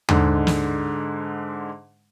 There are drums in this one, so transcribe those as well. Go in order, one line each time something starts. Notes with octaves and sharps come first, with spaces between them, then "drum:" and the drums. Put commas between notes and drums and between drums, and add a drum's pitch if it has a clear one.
G#2 D3 G#3, drum: tom D#2
drum: snare